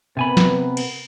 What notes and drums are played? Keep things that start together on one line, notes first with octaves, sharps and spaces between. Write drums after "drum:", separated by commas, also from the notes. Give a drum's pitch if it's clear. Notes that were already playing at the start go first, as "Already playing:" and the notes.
C3 B3 A#4 B4 G#5 B5
drum: snare
drum: cymbal